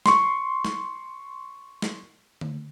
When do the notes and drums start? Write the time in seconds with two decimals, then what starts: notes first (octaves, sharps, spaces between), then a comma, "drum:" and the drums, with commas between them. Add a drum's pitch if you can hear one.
0.06 C6 C#6, drum: snare
0.65 drum: snare
1.82 drum: snare
2.41 drum: tom D3